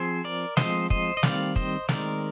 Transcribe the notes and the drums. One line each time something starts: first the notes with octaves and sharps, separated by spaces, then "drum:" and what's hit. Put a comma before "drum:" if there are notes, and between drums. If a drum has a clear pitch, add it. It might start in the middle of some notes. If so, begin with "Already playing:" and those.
Already playing: F3 C4 G#4 C5
A#4 D5
F3 G#3 C4 C5 D#5, drum: snare
C5 D#5, drum: kick
D#5
D#3 G3 C4 D5 F5, drum: snare
C5 D#5, drum: kick
D#3 G#3 C4 A#4 D5, drum: snare